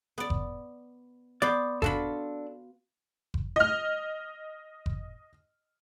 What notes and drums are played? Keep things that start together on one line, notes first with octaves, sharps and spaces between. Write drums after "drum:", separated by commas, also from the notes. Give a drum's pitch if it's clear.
B3 D5
drum: kick F#1
B3 C5 D5
D4 F4 F#4 A4 B5, drum: kick F#1
drum: kick F#1
D#5 F6
drum: kick F#1